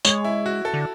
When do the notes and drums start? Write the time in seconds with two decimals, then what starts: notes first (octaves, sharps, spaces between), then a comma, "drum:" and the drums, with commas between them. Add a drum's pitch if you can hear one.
0.05 G#3 C#5, drum: tambourine
0.24 E4
0.46 F#4
0.65 A4
0.74 D3